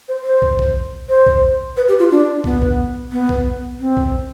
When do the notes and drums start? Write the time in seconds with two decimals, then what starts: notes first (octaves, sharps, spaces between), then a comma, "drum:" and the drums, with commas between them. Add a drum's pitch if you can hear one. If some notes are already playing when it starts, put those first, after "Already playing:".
0.08 C5
0.25 C5
0.42 drum: kick
0.59 drum: kick
1.09 C5
1.27 drum: kick
1.77 B4
1.88 G4
1.99 F4
2.11 D4
2.44 B3, drum: kick
2.62 drum: kick
3.12 B3
3.29 drum: kick
3.80 C4
3.97 drum: kick